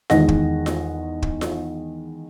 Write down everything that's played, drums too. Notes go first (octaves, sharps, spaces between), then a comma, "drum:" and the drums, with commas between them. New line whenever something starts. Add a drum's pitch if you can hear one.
E2 D#3 G#3 D#5 F#5 A#6, drum: snare F4
drum: kick
drum: snare F4
drum: kick
drum: snare F4